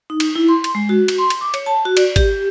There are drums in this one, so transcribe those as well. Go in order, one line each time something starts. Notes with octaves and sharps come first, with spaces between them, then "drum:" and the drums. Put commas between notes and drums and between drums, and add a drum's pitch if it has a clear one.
D#4
drum: cymbal
E4
C6
drum: cymbal
G#3
F#4
drum: cymbal
C6
drum: cymbal
D6
C#5, drum: cymbal
A5
F#4
D5, drum: cymbal
G4, drum: kick G#1, cymbal